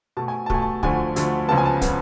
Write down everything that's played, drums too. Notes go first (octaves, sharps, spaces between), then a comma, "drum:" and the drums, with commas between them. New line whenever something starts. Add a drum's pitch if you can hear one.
B2 A3 A5
G#5
A5
B2 A3 G#5, drum: kick
A5
D2 D3 F3 A3 G#5, drum: kick
D2 D3 F3 A3, drum: hi-hat
C#2 C#3 F3 B3 A5
G#5
A5
C#3 F3 B3, drum: kick, hi-hat